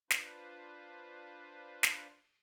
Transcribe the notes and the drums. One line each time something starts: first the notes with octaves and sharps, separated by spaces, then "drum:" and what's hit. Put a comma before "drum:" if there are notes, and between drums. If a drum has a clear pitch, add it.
D4 F4 B4 C5, drum: snare
drum: snare